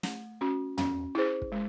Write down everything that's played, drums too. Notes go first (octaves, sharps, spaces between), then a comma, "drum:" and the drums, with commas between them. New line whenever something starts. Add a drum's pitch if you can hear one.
A3, drum: snare
C#4 F#4
C#4, drum: tom
E4 G#4 C5
drum: kick
G#3